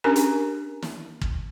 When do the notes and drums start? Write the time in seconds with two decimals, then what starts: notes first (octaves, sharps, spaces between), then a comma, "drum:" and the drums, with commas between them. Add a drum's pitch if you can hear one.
0.04 C#4 D4 G4 A#4 G#5 A#5
0.16 drum: hi-hat
0.82 drum: snare
1.22 drum: kick